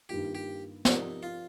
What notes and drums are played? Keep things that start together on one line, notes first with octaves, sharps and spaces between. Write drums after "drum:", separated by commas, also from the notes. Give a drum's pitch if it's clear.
G2 D#3 A#3 F4 G4
G4
F3 C4 D#4 G4 A#4 D5, drum: snare
F4